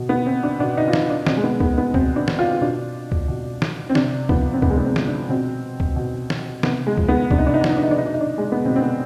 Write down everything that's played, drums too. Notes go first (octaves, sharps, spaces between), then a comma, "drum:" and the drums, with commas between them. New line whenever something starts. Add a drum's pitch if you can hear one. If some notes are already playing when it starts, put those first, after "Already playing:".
Already playing: B2
B3
C4
D4
B2 D4
D#4
F4
D#4, drum: snare
D4
B2 C4, drum: snare
G#3
B3
B3, drum: kick
B3
B2 C4, drum: kick
D4
drum: snare
F4
B2 D4
drum: kick
B2
drum: snare
C4
C3 D4, drum: snare
F3 B3, drum: kick
C4
C3 B3, drum: kick
G#3
B3
C4
F3, drum: snare
D4
B2 C4
drum: kick
B2
drum: snare
C3 B3, drum: snare
G#3
F3, drum: kick
B3
C3 D4, drum: kick
D#4
D4
D#4
D4
F3 D#4, drum: snare
D4
D#4
D4
B2 D#4
D4
D#4
D4
G#3
B3
B2 C4
C4
B3